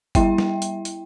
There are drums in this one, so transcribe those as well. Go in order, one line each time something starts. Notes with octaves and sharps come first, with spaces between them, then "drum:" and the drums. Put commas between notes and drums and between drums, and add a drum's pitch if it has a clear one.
G3 E4 E5 G5, drum: kick, hi-hat
drum: snare
drum: hi-hat
drum: hi-hat